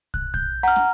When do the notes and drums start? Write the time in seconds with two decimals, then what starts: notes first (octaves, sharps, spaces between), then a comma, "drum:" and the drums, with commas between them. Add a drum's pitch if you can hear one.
0.14 F#6, drum: kick
0.34 G6, drum: kick
0.63 F#5 A#5 F6
0.76 drum: snare